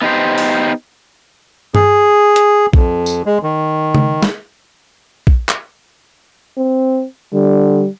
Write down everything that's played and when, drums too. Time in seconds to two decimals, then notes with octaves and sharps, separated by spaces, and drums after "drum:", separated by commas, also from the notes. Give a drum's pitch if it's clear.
0.01 B3 D#4 G4 C5
0.38 drum: open hi-hat
1.75 G#4, drum: tom G2
2.36 drum: hi-hat
2.73 F2, drum: kick A#1
3.06 drum: tambourine
3.26 G#3
3.43 D#3
3.95 drum: tom C#3
4.23 drum: snare
5.27 drum: kick A#1
5.49 drum: clap
6.57 C4
7.33 D3 G3